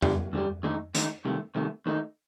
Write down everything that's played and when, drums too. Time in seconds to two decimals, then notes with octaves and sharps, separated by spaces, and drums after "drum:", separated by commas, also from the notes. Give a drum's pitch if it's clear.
0.02 D2 D3 G3, drum: tom F2
0.33 D2 D3 G3
0.63 D#2 D3 A3 D#4
0.95 D#2 D3 A3 D#4, drum: hi-hat
1.25 C2 C3 D#3 A3
1.55 C2 C3 D#3 A3
1.86 D#2 D#3 A3 D#4